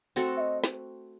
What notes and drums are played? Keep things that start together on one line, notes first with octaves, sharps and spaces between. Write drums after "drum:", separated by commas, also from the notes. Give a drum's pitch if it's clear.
A3 C4 F#4 A4, drum: hi-hat
E5
D#5
drum: snare